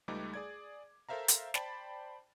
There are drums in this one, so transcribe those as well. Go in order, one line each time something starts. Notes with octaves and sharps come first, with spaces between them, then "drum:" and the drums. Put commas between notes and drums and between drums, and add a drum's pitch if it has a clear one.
C#2 G3 A3 D#4 B4 D6
G#4 D5 G#6
A4 A#4 C5 E5 F5 A#5
drum: hi-hat
C5 D5 G5 A5 B5 A6, drum: snare